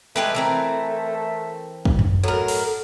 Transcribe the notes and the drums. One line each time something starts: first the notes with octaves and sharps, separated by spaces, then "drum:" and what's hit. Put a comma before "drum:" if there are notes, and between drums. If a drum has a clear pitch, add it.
G#3 A3 G4 B4
E3 C4 A#4
drum: kick
drum: tom F#2
A2 F#3 A#4
drum: open hi-hat